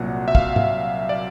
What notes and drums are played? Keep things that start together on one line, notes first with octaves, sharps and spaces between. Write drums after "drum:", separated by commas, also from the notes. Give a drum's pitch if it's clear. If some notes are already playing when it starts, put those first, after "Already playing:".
Already playing: C2 A#2 F#3 F#5
E5
F5, drum: kick
drum: tom G#2
D5